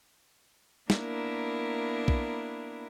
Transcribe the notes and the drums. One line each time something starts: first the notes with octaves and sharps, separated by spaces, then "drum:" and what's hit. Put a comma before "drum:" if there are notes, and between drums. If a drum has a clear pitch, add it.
A#3 B3 D4 E4 A#4, drum: snare
drum: kick